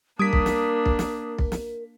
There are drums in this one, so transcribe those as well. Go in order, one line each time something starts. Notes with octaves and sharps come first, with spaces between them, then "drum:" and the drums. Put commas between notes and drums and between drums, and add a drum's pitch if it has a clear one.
G3 A#3 D4 A#4 D#6 G#6 B6 D7
drum: kick B1
drum: snare
drum: kick B1
drum: snare
drum: kick B1
drum: snare